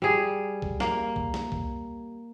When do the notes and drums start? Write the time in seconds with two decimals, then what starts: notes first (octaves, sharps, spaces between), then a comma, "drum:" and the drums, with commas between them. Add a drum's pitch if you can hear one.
0.02 G3 G#4
0.62 drum: kick C2
0.80 A#3, drum: snare
1.16 drum: kick C2
1.34 drum: snare
1.52 drum: kick C2